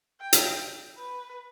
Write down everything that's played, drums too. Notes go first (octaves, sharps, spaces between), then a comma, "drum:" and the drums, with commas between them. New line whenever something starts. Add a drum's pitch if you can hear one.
G5
drum: hi-hat
B4